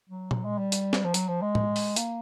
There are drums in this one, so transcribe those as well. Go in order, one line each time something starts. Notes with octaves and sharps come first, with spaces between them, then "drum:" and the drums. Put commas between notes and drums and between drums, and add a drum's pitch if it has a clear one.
F#3
F#3, drum: tom A#2
G#3
G3
drum: hi-hat
drum: snare
F3
F#3, drum: hi-hat
F3
G#3
drum: tom A2
drum: open hi-hat
A#3, drum: hi-hat